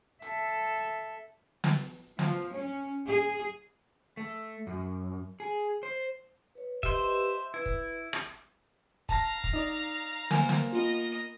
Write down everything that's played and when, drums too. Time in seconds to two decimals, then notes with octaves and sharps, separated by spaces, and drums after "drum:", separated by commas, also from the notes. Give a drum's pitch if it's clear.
0.22 A4 E5, drum: hi-hat
1.64 drum: snare
2.19 F3, drum: snare
2.55 C#4
3.07 G#4
4.17 A3
4.67 F#2
5.40 G#4
5.83 C5
6.55 B4 C#5
6.83 G4 B4 C5 D#5 E5, drum: kick
7.54 E4 B4
7.66 drum: kick
8.13 drum: rim click
9.09 F5 A5 A#5 A#6, drum: kick
9.44 drum: kick
9.54 D#4 D5 D#5
10.31 A#3 A#4 C5 G#5, drum: snare
10.49 drum: snare
10.73 B3 F4 A#4 D#5